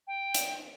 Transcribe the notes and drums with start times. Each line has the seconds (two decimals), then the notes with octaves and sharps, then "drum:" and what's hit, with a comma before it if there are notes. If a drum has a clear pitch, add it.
0.07 G5
0.35 drum: hi-hat